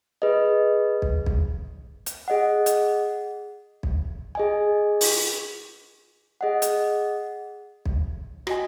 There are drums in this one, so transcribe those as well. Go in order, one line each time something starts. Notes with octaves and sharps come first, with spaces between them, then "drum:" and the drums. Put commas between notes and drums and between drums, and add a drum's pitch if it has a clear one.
G#4 B4 D#5
drum: kick B1
drum: kick B1
drum: hi-hat
G#4 D#5 F#5
drum: hi-hat
drum: kick B1
G#4 D#5 G#5
drum: open hi-hat
G#4 D#5 F#5
drum: hi-hat
drum: kick B1
F#4 D#5 G#5, drum: rim click